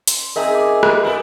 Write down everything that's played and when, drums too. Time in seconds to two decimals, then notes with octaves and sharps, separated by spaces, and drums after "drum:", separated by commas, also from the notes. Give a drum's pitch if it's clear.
0.08 C6, drum: hi-hat
0.36 C4 D#4 G#4 A#4 D#5 E5 G#5
0.55 D6
0.83 G#3 G4 F5, drum: rim click
1.04 B3 E4 B4